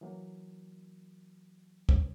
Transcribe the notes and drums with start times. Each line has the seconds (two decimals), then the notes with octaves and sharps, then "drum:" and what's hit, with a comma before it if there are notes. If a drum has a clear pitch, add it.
0.01 E3 F#3 A#3
1.89 drum: kick